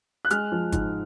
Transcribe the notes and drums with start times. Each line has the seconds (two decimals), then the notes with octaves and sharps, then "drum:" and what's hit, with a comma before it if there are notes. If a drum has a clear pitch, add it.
0.25 F#6
0.30 G#3 F6, drum: hi-hat
0.52 F3
0.72 G#2, drum: kick, hi-hat